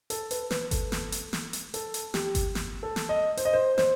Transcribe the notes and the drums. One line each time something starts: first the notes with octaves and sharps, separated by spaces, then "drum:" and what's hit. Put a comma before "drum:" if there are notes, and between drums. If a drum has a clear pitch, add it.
A4, drum: hi-hat
B4, drum: hi-hat
B4, drum: snare
A4, drum: kick G1, hi-hat
drum: snare
drum: hi-hat
drum: snare
drum: hi-hat
A4, drum: hi-hat
drum: hi-hat
G4, drum: snare
drum: kick G1, hi-hat
drum: snare
A4
drum: snare
D#5
C5, drum: hi-hat
D#5
C5
C5, drum: snare